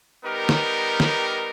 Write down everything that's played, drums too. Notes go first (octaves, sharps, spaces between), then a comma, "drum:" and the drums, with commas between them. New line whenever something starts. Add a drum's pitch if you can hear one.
G3 B3 D#4 G4 A#4
drum: snare
drum: snare